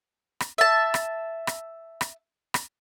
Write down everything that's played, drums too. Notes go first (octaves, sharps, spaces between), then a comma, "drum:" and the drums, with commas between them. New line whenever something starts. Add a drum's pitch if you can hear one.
drum: rim click
E5 A5
drum: rim click
drum: rim click
drum: rim click
drum: rim click